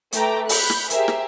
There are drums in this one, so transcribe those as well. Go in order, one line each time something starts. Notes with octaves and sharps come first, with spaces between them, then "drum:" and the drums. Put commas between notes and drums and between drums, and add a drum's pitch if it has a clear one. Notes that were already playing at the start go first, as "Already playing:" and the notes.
A3 B4 G5 A#5 D6, drum: hi-hat
B5 F#6 G6, drum: open hi-hat
drum: snare
G4 G#4 A#4 C5 E5, drum: hi-hat
drum: snare